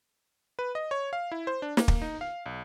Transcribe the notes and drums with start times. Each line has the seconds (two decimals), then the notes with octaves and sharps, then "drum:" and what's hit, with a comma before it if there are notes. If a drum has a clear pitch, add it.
0.59 B4
0.75 D#5
0.91 C#5
1.13 F5
1.32 E4
1.47 C5
1.62 D4
1.77 A#3, drum: snare
1.88 drum: kick
2.02 D#4
2.21 F5
2.46 B1